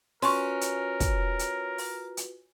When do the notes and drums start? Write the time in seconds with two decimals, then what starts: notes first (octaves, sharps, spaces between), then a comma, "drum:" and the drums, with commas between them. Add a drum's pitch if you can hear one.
0.22 C#4 F4 F#4 A#4 B4 C6 C#6, drum: open hi-hat
0.61 drum: hi-hat
1.00 drum: kick, hi-hat
1.39 drum: hi-hat
1.78 drum: open hi-hat
2.17 drum: hi-hat